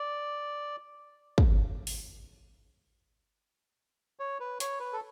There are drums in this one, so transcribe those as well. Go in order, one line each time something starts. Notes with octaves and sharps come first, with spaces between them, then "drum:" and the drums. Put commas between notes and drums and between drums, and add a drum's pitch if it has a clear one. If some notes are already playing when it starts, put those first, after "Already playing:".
Already playing: D5
drum: kick
drum: open hi-hat
C#5
B4
C#5, drum: hi-hat
B4
A4